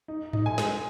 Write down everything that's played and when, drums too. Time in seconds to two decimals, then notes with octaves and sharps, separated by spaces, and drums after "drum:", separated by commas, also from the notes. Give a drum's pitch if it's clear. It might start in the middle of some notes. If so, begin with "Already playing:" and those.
0.08 D#4
0.33 D#4, drum: tom G#2
0.46 G#5
0.58 G#3, drum: snare